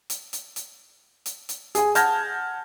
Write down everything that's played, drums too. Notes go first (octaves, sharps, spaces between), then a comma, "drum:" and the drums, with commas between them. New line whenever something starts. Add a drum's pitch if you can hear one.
drum: hi-hat
drum: hi-hat
drum: hi-hat
drum: hi-hat
drum: hi-hat
G#4 G#5, drum: hi-hat
F#5 A5 F6 G6 G#6 A#6, drum: hi-hat